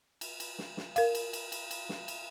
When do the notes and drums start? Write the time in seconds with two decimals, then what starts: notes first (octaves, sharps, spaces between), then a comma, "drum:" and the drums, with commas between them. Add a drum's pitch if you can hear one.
0.21 drum: cymbal
0.40 drum: cymbal
0.59 drum: snare
0.77 drum: snare
0.96 A#4 F5, drum: cymbal
1.15 drum: cymbal
1.33 drum: cymbal
1.52 drum: cymbal
1.71 drum: cymbal
1.89 drum: snare
2.08 drum: cymbal